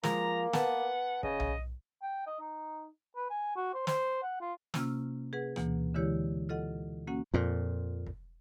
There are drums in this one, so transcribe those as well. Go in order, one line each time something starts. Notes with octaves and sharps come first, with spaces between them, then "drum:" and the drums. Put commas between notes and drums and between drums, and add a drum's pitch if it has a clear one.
F3 G#3 A#3 A#5, drum: snare
B3 F#5 A5, drum: snare
C#3 D#5, drum: kick
drum: tom B1
G5
D#5
D#4
B4
G#5
F#4
C5
C5, drum: snare
F#5
F4
C3 A#3 C#4 F4 E6 F6, drum: snare
G#4 B4 F#5
D2 B2 E3 A#3, drum: rim click
D3 E3 G#3 E4 G4 C#5
F4 A4 D#5 F#5
A#3 C#4 F#4 F#5
F2 A#2
drum: kick